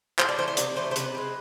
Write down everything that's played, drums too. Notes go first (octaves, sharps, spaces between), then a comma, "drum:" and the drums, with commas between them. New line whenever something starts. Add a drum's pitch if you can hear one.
A2 C5, drum: clap
D5
E3 A3 D4 C5
C5
C3 D5, drum: hi-hat
E3 A3 C5
C5
C3 B4, drum: hi-hat
G#3 C4